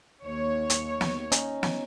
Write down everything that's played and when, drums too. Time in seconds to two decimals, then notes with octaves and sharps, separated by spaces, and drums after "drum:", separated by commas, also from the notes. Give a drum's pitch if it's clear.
0.23 D#2 C#5
0.70 drum: hi-hat
1.01 drum: snare
1.32 C#4 D#4, drum: hi-hat
1.63 drum: snare